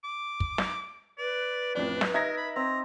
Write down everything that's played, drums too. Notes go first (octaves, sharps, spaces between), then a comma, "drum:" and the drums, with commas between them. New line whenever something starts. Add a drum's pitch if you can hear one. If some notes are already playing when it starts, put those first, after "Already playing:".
D6
drum: kick
drum: snare
B4 D5
A1 F2 D4 D5
drum: snare
D#4 A#4 E5 G#6 A#6
B5
C4 A#5